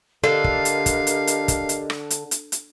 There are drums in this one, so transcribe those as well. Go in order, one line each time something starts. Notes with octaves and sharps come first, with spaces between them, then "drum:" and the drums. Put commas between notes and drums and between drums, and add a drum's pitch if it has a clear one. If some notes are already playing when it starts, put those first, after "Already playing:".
D3 G4 A4 A#4 D#5 F5
drum: kick
drum: hi-hat
drum: kick, hi-hat
drum: hi-hat
drum: hi-hat
drum: kick, hi-hat
drum: hi-hat
drum: rim click
drum: hi-hat
drum: hi-hat
drum: hi-hat